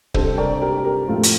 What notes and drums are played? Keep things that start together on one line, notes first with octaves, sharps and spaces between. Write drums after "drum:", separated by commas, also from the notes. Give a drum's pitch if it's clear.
C3 G3 D4 A4 C5, drum: kick
A#4 D5
G4 A#4
G4 A#4
A2 F3 A3 C4 F4
drum: hi-hat